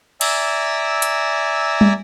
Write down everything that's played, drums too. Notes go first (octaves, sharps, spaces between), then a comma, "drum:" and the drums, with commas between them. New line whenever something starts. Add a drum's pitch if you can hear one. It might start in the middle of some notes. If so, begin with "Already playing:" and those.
D5 E5 G#5 A#5 E6, drum: cymbal
drum: hi-hat
drum: tom